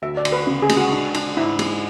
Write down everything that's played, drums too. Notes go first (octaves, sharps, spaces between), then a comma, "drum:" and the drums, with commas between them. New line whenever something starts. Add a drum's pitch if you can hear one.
D2 E5
D5
D2, drum: cymbal
B4
C#3
G#4
G#3, drum: cymbal
F#4
D4
D4, drum: cymbal
G#2 E4
G#3, drum: cymbal